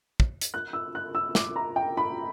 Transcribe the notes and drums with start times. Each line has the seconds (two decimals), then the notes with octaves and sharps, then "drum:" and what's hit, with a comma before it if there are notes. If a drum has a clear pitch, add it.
0.20 drum: kick
0.41 drum: hi-hat
0.54 F#6
0.73 E6
0.95 F#6
1.15 E6
1.35 D6, drum: snare
1.56 A#5
1.76 G5
1.97 B5